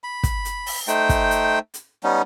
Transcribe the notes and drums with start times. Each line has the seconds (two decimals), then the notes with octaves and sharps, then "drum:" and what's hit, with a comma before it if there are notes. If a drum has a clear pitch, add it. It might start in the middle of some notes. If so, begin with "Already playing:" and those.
0.04 B5
0.23 drum: kick, hi-hat
0.45 drum: hi-hat
0.66 drum: open hi-hat
0.88 A3 D#4 C5 G5, drum: hi-hat
1.09 drum: kick, hi-hat
1.31 drum: hi-hat
1.74 drum: hi-hat
2.04 G3 B3 C#4 D#4